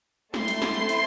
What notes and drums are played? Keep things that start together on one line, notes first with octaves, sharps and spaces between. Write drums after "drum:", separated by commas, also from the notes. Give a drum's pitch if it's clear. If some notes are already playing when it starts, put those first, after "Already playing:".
A3 C4 E4 A4 C6, drum: snare
drum: hi-hat
drum: snare
drum: hi-hat